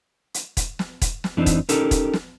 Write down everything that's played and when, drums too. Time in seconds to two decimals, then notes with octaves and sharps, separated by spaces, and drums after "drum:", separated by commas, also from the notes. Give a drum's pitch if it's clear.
0.34 drum: hi-hat
0.57 drum: kick E1, hi-hat
0.79 drum: snare
1.02 drum: kick E1, hi-hat
1.24 drum: snare
1.37 F2 E3 F3 C4 D4 D#4
1.46 drum: kick E1, hi-hat
1.69 C#4 D#4 G4 A4 A#4, drum: hi-hat
1.91 drum: kick E1, hi-hat
2.13 drum: snare